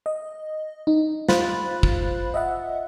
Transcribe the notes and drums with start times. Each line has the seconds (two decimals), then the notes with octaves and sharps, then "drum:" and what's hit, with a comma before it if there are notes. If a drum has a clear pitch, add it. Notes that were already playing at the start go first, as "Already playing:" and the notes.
0.06 D#5
0.87 D#4
1.28 F4 C5 F5 B5 F#6 A6, drum: snare
1.83 drum: kick
2.34 D#5 E5 F#5